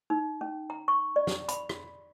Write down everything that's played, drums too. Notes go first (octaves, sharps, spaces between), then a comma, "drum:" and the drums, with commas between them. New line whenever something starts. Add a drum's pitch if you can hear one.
D#4
C#4
A#5
C#6
D5
drum: snare
B5, drum: hi-hat
drum: rim click